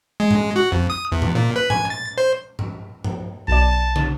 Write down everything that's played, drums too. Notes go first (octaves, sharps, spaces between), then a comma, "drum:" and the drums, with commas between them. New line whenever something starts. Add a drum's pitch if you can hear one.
G#3
drum: tom G#2
F#4
F2
D#6
E2
drum: tom G#2
A#2
B4
G#5, drum: tom G#2
A6
C5
drum: tom G#2
drum: tom G#2
B1 D5 A5
drum: tom